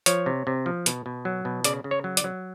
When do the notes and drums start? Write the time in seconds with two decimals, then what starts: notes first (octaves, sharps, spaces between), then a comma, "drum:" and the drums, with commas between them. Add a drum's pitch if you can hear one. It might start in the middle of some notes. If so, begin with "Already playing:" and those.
0.06 F3 C#5, drum: hi-hat
0.26 C3
0.47 C3
0.66 F3
0.86 B2, drum: hi-hat
1.06 B2
1.25 F#3
1.45 B2
1.64 C#3 D5, drum: hi-hat
1.84 C#3
1.91 C#5
2.04 F#3
2.17 D5, drum: hi-hat
2.24 F#3